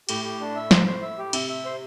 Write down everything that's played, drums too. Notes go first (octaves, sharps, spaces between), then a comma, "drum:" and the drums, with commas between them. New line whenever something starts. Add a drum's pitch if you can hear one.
A2 G4, drum: cymbal
G4
D4
E5
C5, drum: snare
C5
E5
G4
C3 E5, drum: cymbal
E5
C5